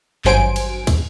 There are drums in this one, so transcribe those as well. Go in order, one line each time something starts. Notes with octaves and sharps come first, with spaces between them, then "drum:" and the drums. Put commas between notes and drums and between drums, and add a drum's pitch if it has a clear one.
G#1 G2 F#3 C5 G#5 D7, drum: clap
drum: cymbal
drum: kick, cymbal